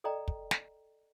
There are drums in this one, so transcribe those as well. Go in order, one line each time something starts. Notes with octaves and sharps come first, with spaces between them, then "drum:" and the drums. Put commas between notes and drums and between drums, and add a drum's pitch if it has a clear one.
A4 D5 D#5 G5 A#5
drum: kick
drum: snare